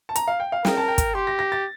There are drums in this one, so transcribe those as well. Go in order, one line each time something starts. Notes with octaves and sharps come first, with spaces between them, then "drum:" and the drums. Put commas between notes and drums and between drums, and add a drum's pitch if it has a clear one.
A5
A#5, drum: hi-hat
F5
G5
F5
A#4 G5, drum: snare
A5
G5
drum: kick, hi-hat
G4 C6
A#6
A#6
A6